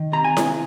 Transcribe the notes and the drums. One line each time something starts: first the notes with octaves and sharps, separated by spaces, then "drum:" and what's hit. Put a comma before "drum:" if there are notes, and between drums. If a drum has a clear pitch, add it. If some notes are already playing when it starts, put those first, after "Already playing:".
Already playing: D#3
C3 A#5
G#5
C3, drum: snare E4